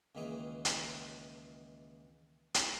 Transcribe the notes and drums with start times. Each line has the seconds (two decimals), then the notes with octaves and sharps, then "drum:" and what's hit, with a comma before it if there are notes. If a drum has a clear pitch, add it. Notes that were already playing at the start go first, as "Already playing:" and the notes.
0.15 C#2 A#2 D#3 E3 G#4
0.65 drum: hi-hat
2.54 drum: hi-hat